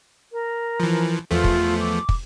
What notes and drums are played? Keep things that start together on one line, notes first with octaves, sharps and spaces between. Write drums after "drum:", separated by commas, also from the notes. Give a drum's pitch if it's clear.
A#4
E3 F3
E2 F3 A3 F4
drum: kick
D6
drum: kick